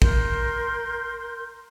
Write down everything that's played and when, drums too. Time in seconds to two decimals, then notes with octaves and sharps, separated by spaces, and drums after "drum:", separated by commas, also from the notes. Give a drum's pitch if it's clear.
0.02 A#4 C6 G6, drum: kick